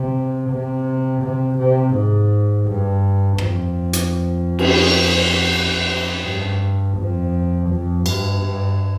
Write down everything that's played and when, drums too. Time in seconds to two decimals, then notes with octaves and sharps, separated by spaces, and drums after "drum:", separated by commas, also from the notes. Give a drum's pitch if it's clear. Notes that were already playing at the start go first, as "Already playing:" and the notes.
Already playing: C3
0.50 C3
1.22 C3
1.58 C3
1.94 G#2
2.66 G2
3.38 F2, drum: rim click
3.93 drum: hi-hat
4.59 drum: cymbal
6.26 G2
6.98 F2
7.70 F2
8.06 G2, drum: cymbal
8.42 G2